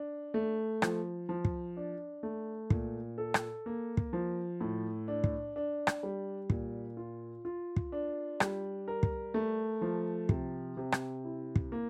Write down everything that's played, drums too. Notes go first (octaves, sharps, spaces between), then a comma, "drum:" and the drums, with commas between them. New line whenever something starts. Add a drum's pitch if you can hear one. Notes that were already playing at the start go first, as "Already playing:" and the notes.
Already playing: D4
A3
F3, drum: rim click
F3
drum: kick
D4
A3
A#2, drum: kick
A4
drum: rim click
A#3
drum: kick
F3
A2
D4
drum: kick
D4
drum: rim click
G3
A#2, drum: kick
F4
F4
drum: kick
D4
G3, drum: rim click
A#4
drum: kick
A3
F3
C3, drum: kick
C3
drum: rim click
E4
drum: kick
A#3